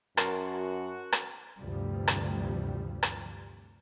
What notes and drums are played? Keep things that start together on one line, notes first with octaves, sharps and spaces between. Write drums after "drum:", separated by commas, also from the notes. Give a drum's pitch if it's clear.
F#2 F#4 A#4 A5 C6, drum: rim click
drum: rim click
D2 G2 C3 E3 F3 G3
drum: rim click
drum: rim click